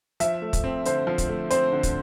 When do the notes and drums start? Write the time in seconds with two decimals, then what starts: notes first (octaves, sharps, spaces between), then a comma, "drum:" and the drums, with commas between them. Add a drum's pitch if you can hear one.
0.20 F3 E5, drum: hi-hat
0.42 A3
0.53 drum: kick, hi-hat
0.64 C4
0.85 D3 C5, drum: hi-hat
1.07 F3
1.18 drum: kick, hi-hat
1.29 A3
1.50 C4 C5, drum: hi-hat
1.73 D3
1.83 drum: kick, hi-hat